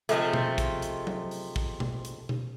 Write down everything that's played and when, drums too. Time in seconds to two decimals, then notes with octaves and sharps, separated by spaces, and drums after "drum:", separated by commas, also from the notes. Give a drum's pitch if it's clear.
0.09 C3 F3 G#3 A3, drum: hi-hat
0.33 drum: tom B2
0.58 drum: kick, hi-hat
0.82 drum: hi-hat
1.07 drum: tom F#3
1.31 drum: open hi-hat
1.56 drum: kick
1.80 drum: tom B2
2.05 drum: hi-hat
2.29 drum: tom B2